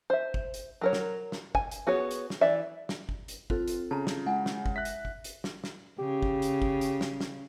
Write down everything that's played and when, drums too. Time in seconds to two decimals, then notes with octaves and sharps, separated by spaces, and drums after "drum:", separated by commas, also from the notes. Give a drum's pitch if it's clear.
0.10 C5 E5
0.34 drum: kick G1
0.54 drum: hi-hat
0.81 F#3 A#4 C#5
0.93 drum: snare
1.32 drum: snare
1.55 G#5, drum: kick G1
1.71 drum: hi-hat
1.87 B3 F#4 G#4 C#5
2.11 drum: hi-hat
2.30 drum: snare
2.41 E3 D5 E5
2.89 drum: snare
3.09 drum: kick G1
3.28 drum: hi-hat
3.50 C4 F4 A4 C5, drum: kick G1
3.68 drum: hi-hat
3.91 C#3 A5 A#5
4.07 drum: snare
4.26 G#3 E4 F#5 G#5
4.46 drum: snare
4.66 drum: kick G1
4.76 E5 F#6 B6
4.85 drum: hi-hat
5.05 drum: kick G1
5.24 drum: hi-hat
5.44 drum: snare
5.64 drum: snare
5.99 C#3 G4
6.22 drum: kick G1
6.42 drum: hi-hat
6.62 drum: kick G1
6.81 drum: hi-hat
7.01 drum: snare
7.21 drum: snare